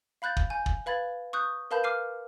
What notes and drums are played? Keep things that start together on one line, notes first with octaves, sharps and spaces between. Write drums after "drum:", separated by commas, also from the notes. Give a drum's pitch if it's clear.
F5 B5 F#6 G6 A6
drum: kick
G#5 G6
drum: kick
B4 F5 B5 G#6 A6
C#6 D#6 F#6 G6
A#4 B4 F5 A5 B5 G6
D6 F6 C7 D#7